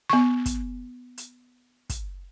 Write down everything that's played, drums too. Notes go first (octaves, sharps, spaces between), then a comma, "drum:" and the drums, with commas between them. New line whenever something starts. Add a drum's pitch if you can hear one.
B3 C#6
drum: kick, hi-hat
drum: hi-hat
drum: kick, hi-hat